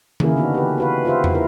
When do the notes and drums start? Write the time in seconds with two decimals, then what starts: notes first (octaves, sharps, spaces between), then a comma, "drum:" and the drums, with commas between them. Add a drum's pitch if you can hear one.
0.20 C#3 E3 A#3 E4 G#4 A#4, drum: tom D#3
0.36 D3 B3 D4 D#4 F#4
0.54 G4 B4
0.78 F#4 B4 F5
1.05 F4 G4 C5 E5 F5
1.24 drum: tom E2
1.34 E4 A#4 B4